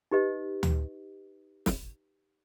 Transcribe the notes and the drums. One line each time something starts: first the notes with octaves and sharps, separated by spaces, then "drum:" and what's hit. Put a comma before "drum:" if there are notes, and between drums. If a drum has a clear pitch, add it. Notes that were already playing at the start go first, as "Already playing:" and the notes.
D#4 G4 B4 D#5
drum: tom D2
drum: snare